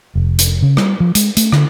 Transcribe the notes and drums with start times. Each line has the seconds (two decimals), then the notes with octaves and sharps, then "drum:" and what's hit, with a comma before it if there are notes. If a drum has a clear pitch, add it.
0.15 F1
0.39 drum: hi-hat
0.62 C#3
0.77 G3, drum: rim click
1.00 F3
1.15 G#3, drum: hi-hat
1.37 A3, drum: hi-hat
1.52 D3, drum: rim click